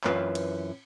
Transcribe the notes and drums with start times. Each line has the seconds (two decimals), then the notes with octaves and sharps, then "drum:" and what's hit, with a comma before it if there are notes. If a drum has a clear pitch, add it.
0.04 F#2 E3 C4 F4 B4, drum: clap
0.35 drum: cymbal